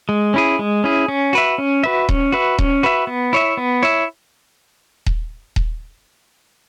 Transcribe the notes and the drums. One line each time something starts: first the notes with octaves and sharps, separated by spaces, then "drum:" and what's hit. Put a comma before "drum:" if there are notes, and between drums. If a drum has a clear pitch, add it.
G#3
C#4 E4 G#4
G#3
C#4 E4 G#4
C#4
F#4 B4 E5
C#4
F#4 B4 E5
C#4, drum: kick D#1
F#4 B4 E5
C#4, drum: kick D#1
F#4 B4 E5
B3
E4 C#5 E5
B3
E4 C#5 E5
drum: kick D#1
drum: kick D#1